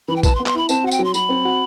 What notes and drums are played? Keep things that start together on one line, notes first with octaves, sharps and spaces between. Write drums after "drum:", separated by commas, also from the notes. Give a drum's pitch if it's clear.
E3 B5
G5
B4 A5, drum: kick, tambourine
C6
B3
C6, drum: clap
E4 B5
C4 A5, drum: tambourine
F#4 F#5
G5, drum: tambourine
F#3
C6
F#3 B5, drum: tambourine
C4
F#4